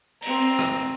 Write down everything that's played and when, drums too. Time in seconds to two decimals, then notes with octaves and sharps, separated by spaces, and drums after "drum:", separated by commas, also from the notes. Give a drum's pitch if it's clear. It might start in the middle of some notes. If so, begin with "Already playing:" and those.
0.22 C4 A#5, drum: open hi-hat
0.59 drum: rim click